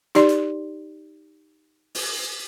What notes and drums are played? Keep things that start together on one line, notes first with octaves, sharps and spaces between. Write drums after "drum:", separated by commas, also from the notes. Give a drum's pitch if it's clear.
D#4 G4 D5 C6, drum: hi-hat
drum: hi-hat
drum: open hi-hat